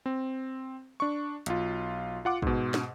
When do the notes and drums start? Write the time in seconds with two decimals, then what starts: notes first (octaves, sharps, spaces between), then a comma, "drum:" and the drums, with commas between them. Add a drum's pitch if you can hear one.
0.06 C4
1.00 D4 C#6
1.46 B1 F4, drum: hi-hat
2.25 F4 F#5 D6
2.42 G#2 B2, drum: kick
2.74 drum: snare